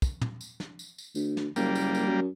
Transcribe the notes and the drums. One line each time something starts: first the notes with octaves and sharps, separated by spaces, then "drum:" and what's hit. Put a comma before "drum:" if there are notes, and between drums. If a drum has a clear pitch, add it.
drum: kick, tambourine
drum: tom
drum: tambourine
drum: snare
drum: tambourine
drum: tambourine
D2, drum: tambourine
drum: snare
F#1 G3 A#3, drum: tambourine
drum: tambourine
drum: tambourine
F#2